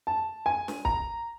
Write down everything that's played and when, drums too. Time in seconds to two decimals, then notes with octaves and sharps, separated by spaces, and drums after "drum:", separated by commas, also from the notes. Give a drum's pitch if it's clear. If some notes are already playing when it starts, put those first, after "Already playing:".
0.07 A5
0.46 G#5
0.68 drum: snare
0.85 A#5, drum: kick